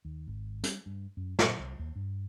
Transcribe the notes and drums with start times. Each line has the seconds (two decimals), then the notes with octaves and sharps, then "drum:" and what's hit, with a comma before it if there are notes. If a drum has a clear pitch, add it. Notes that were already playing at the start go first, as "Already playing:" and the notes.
0.05 D#2
0.28 G#1
0.63 G3, drum: hi-hat
0.86 G2
1.17 F#2
1.39 A#2, drum: snare
1.59 C2
1.79 D#2
1.96 G2